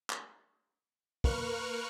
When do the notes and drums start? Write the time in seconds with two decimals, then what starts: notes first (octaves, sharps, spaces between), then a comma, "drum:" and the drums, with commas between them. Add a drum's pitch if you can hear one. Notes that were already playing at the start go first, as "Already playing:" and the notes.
0.10 drum: clap
1.24 A#3 A#4 B4 C#6 F6 F#6, drum: kick